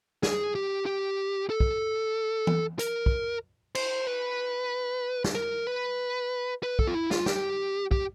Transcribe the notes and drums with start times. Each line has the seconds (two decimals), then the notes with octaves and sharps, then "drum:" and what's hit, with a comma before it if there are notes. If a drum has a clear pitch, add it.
0.23 G#4, drum: snare
0.55 G4
0.86 G4
1.50 A4
1.60 drum: kick
2.47 drum: tom E3
2.79 A#4, drum: hi-hat
3.06 drum: kick
3.75 C5, drum: cymbal
4.07 B4
5.24 drum: snare
5.35 A#4
5.67 B4
6.63 B4
6.79 A4, drum: kick
6.87 F4
6.94 E4
7.11 F4, drum: snare
7.26 G4, drum: snare
7.91 G4, drum: kick